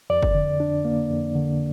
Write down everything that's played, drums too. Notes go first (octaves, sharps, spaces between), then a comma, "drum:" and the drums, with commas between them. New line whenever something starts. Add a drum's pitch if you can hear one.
F2 D5
drum: kick
D3
D4
A#3
F2
D3